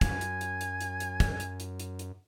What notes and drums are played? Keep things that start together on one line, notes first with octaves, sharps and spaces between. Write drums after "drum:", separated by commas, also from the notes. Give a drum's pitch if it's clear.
F#2 G#5, drum: kick, hi-hat
drum: hi-hat
drum: hi-hat
drum: hi-hat
drum: hi-hat
drum: hi-hat
drum: kick, hi-hat
drum: hi-hat
drum: hi-hat
drum: hi-hat
drum: hi-hat